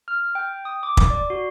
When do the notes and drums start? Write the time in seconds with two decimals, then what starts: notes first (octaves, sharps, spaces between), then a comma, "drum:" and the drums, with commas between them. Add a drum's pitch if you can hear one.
0.08 F6
0.35 G5
0.65 D#6
0.83 D6
0.97 drum: kick
1.10 D5
1.30 F#4